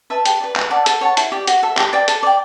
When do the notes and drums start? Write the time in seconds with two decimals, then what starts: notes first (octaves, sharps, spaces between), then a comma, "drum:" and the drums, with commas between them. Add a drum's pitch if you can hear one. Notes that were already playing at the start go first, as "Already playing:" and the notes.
0.10 B4 E5 A5
0.25 G4, drum: hi-hat
0.40 B4 D5
0.56 B4, drum: clap
0.71 D5 F#5 A5
0.86 A4, drum: hi-hat
1.01 C#5 F#5 A5
1.17 E4, drum: hi-hat
1.32 G4 D5
1.47 F#4, drum: hi-hat
1.63 A4 E5
1.77 G4, drum: clap
1.93 D5 G5 D6
2.08 A4, drum: hi-hat
2.23 D5 G5